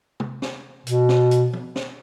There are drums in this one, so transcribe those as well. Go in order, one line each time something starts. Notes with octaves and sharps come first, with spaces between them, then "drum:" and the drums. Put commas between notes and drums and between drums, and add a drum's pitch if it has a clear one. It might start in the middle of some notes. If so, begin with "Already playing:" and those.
drum: tom
drum: snare
B2, drum: hi-hat
drum: snare
drum: hi-hat
drum: tom
drum: snare